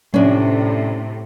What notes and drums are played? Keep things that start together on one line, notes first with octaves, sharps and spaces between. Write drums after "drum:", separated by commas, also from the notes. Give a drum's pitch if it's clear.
A2 C3 C#4 D4, drum: tom F3